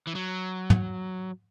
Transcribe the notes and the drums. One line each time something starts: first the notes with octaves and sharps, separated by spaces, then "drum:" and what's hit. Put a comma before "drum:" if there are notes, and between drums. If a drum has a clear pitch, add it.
E3
F#3
drum: tom